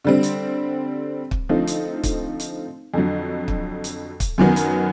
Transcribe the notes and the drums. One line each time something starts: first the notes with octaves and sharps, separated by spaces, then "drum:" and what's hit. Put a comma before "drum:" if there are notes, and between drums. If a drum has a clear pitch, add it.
D3 G3 C4
drum: hi-hat
drum: kick
D3 F3 A3 C4 D#4
drum: hi-hat
drum: kick, hi-hat
drum: hi-hat
F2 D3 F#3
drum: kick
drum: hi-hat
drum: kick, hi-hat
F#2 D#3 F#3 B3 D#4
drum: hi-hat